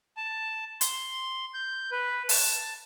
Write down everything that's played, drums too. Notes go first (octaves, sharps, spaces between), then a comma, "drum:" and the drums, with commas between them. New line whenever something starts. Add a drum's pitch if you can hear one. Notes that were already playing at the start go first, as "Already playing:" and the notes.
A5
C6, drum: hi-hat
G6
B4
A5, drum: open hi-hat